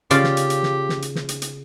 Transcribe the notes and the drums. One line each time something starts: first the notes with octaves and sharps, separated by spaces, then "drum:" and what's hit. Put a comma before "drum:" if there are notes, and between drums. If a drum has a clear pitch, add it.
C#3 F4 G4 D5, drum: hi-hat
drum: snare
drum: hi-hat
drum: hi-hat
drum: snare
drum: snare
drum: hi-hat
drum: snare
drum: hi-hat
drum: hi-hat